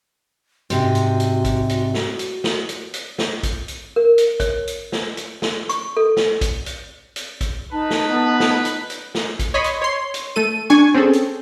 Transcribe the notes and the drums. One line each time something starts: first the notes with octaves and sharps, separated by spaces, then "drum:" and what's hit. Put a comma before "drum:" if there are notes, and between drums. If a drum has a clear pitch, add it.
G#2 C3 F#4, drum: hi-hat
drum: hi-hat
drum: hi-hat
drum: kick A1, hi-hat
drum: hi-hat
drum: snare
drum: hi-hat
drum: snare
drum: hi-hat
drum: hi-hat
drum: snare
drum: kick A1, hi-hat
drum: hi-hat
A#4
drum: hi-hat
C#5, drum: kick A1, hi-hat
drum: hi-hat
drum: snare
drum: hi-hat
drum: snare
C#6, drum: hi-hat
A4
drum: snare
drum: kick A1, hi-hat
drum: hi-hat
drum: hi-hat
drum: kick A1, hi-hat
D#4 B4 A5
drum: snare
B3
drum: snare
drum: hi-hat
drum: hi-hat
drum: snare
drum: kick A1, hi-hat
C#5 D#5 B5 C6
drum: hi-hat
C#5 C6
drum: hi-hat
A3 A4 D#7
D4 G#5 C#6
C4 C#4 G#4 A4
drum: hi-hat